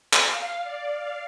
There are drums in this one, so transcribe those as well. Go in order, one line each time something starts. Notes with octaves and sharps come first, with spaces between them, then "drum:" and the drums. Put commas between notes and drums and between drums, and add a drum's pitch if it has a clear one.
F5, drum: clap
D5
F5